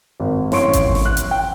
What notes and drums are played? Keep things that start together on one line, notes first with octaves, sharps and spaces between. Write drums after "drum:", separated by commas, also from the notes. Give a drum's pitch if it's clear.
G#1
A1 C#5 C6 C#6 D7, drum: snare
drum: kick G#1, hi-hat
drum: snare
F#6
drum: hi-hat
G5